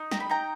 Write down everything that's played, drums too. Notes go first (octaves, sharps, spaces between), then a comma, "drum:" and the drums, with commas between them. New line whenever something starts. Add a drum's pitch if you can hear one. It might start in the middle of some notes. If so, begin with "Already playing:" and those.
Already playing: D#4
G4 A#5, drum: snare
B5
D#4 G5 A#5